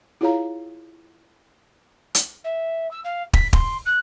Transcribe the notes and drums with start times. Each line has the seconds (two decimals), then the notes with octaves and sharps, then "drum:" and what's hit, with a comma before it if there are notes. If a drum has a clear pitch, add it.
0.21 E4 F4 G#4 C#5 F5 A#5
2.15 drum: hi-hat
2.44 E5
2.91 E6
3.04 F5
3.33 B6, drum: kick
3.53 C6, drum: kick
3.85 F#6